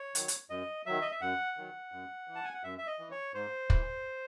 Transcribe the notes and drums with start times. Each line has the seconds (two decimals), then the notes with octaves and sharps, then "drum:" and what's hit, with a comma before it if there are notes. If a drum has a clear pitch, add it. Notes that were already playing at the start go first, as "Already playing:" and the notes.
Already playing: C#5
0.15 D#3 F#3, drum: hi-hat
0.28 drum: hi-hat
0.50 F#2 D#5
0.86 D#3 F#3 E5
1.01 D#5
1.11 E5
1.21 F#2 F#5
1.57 D#3 F#3
1.92 F#2
2.28 E3
2.35 A5
2.44 G#5
2.54 F#5
2.63 F#2 E5
2.78 E5
2.87 D#5
2.99 E3
3.11 C#5
3.34 G#2 C5
3.70 E3, drum: kick